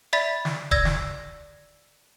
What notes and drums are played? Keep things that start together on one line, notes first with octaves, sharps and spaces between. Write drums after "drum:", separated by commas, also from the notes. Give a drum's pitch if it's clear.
D5 E5 B5 A6 B6
drum: snare
D5 E6 G#6 A#6, drum: kick D#1
drum: snare